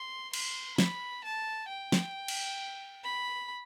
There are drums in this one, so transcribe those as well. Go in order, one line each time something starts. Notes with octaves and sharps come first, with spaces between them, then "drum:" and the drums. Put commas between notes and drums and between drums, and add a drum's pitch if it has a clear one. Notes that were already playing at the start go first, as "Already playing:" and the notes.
Already playing: C6
C6, drum: cymbal
B5, drum: snare
A5
G5
drum: snare
drum: cymbal
B5